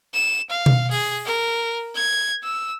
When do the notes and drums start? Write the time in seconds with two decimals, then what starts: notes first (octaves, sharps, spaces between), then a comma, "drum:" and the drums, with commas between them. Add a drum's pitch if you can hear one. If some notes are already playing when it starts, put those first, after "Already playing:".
0.14 E7
0.50 F5
0.66 drum: tom B2
0.91 G#4, drum: open hi-hat
1.25 A#4
1.95 G#6
2.44 E6